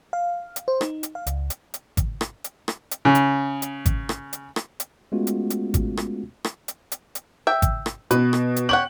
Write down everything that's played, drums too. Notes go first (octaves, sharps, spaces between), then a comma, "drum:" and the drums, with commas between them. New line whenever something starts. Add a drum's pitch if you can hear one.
F5
drum: hi-hat
C5
D#4, drum: rim click
drum: hi-hat
F5
C#2, drum: hi-hat
drum: hi-hat
drum: hi-hat
drum: kick G#1, hi-hat
drum: rim click
drum: hi-hat
drum: rim click
drum: hi-hat
C#3
drum: hi-hat
drum: hi-hat
drum: kick G#1, hi-hat
drum: rim click
drum: hi-hat
drum: rim click
drum: hi-hat
G#3 A3 B3 C#4 F4 F#4
drum: hi-hat
drum: hi-hat
drum: kick G#1, hi-hat
drum: rim click
drum: rim click
drum: hi-hat
drum: hi-hat
drum: hi-hat
E5 G5
drum: kick G#1, hi-hat
drum: rim click
B2 B4, drum: hi-hat
drum: rim click
drum: hi-hat
G4 C#5 F#5 F#7